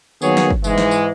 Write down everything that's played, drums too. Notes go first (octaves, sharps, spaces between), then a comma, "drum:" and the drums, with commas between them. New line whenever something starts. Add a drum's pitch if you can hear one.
D#3 F#3 A#3 B3 G#4 C#5, drum: tambourine
drum: snare
drum: kick
G#2 E3 G#3, drum: tambourine
drum: snare
drum: tambourine